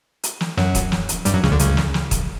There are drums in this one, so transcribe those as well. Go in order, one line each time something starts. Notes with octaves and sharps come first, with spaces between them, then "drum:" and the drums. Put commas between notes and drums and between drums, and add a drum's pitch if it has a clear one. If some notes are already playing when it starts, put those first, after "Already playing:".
drum: hi-hat
drum: snare
F#2 F#3, drum: snare
drum: kick, hi-hat
drum: snare
drum: hi-hat
G2 G3, drum: hi-hat
F#2 F#3
C#2 C#3, drum: snare
D2 D3
C#2 C#3, drum: hi-hat
drum: snare
drum: snare
drum: kick, hi-hat